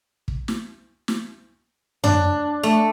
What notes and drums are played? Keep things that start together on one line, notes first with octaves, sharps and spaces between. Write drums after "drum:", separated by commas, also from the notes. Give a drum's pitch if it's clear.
drum: kick
drum: snare
drum: snare
D4, drum: tom F#2
A3